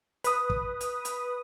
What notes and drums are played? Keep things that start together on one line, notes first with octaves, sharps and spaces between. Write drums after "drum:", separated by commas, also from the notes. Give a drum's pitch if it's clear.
B4 D#6, drum: hi-hat
drum: kick
drum: hi-hat
drum: hi-hat